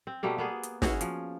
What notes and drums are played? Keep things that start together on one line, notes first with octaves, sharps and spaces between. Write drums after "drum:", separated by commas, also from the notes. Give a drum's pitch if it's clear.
C4
B2 G3 A3 A#3
A#3 B3 G#4
drum: hi-hat
C#4 E4 F#4 G#4, drum: snare
F3, drum: hi-hat